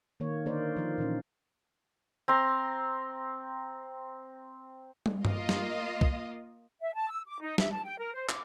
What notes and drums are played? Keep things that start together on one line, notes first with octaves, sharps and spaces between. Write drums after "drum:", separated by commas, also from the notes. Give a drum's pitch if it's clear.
D#3 A#3 C#5
D3 A#3 D#4 A#4 C5 D5
F3 A#4
A#2 E3 C#4 D4
C4 A#5 C6
drum: tom
A#3 F4 D#5, drum: tom G2
drum: snare
drum: kick
E5
A5
E6
D6
D#4
E5, drum: snare
A5
G5
A#4
C5
D6, drum: clap